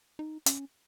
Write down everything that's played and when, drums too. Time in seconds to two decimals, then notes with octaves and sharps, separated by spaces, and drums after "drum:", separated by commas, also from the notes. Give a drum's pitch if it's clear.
0.19 D#4
0.46 C#4, drum: hi-hat